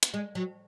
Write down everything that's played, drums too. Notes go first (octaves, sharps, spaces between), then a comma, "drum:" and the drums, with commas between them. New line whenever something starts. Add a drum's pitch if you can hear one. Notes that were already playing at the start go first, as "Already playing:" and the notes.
drum: hi-hat
G#3
F#3